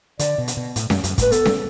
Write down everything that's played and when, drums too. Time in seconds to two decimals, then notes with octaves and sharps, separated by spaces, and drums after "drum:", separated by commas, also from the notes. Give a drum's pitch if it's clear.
0.19 D3 D5, drum: hi-hat
0.38 B2
0.48 drum: hi-hat
0.57 B2
0.76 A2, drum: hi-hat
0.90 F#2, drum: snare C#4
1.04 F#2, drum: hi-hat
1.18 A2 B4, drum: kick, hi-hat
1.32 B3 A4, drum: hi-hat
1.45 drum: snare C#4